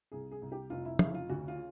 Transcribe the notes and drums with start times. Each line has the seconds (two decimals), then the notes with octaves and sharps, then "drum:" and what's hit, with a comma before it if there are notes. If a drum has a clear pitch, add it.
0.12 C2 G#4
0.31 G#4
0.42 C2
0.52 G4
0.70 F1 F4
0.85 E4
0.99 C#3 E4, drum: tom
1.15 F4
1.29 D2 F#4
1.48 F4